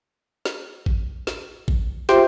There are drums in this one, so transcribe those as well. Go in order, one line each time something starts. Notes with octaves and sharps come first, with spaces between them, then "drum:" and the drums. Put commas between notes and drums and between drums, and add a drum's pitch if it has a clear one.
drum: snare
drum: kick A1
drum: snare
drum: kick A1
F4 G4 C5 E5 G5 C6, drum: snare